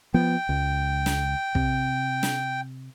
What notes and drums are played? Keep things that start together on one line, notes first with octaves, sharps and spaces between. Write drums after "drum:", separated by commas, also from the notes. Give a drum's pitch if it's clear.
F3 B3 G5
C#2
drum: snare
C3, drum: kick
drum: snare